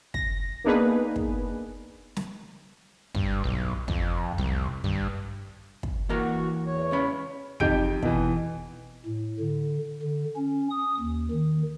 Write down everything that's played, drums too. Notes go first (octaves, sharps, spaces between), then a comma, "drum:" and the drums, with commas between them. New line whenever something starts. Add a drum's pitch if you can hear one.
A#6, drum: kick
A#3 B3 D4 D#4 G#4 B4
drum: kick
drum: snare
G2, drum: kick
B1
F2, drum: kick
C2, drum: tom F3
G2, drum: tom
drum: kick
E3 A#3 F#4 A#4
E2 C#5
C#2 C#4 B5
F2 D#4 G4 G6 D7, drum: kick
B2 E3, drum: kick
A2
D3
D3
C#4
D#6
D#2
D#3